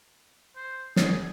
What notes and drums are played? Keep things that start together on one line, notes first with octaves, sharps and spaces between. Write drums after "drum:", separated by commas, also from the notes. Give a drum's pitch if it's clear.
C5
G#4, drum: snare